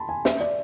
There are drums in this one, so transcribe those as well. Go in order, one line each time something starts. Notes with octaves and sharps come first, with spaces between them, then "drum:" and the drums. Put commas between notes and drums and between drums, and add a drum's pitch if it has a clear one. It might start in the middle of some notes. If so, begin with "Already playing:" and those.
Already playing: A5 B5 C6
G#5
E5, drum: snare
D5